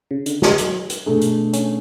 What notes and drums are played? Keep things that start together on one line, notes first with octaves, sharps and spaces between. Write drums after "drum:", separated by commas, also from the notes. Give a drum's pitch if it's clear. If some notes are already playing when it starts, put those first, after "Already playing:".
C#3
D3, drum: hi-hat
F#3, drum: snare
drum: hi-hat
drum: hi-hat
B2 A3 D4 G#4
drum: hi-hat
C#4, drum: hi-hat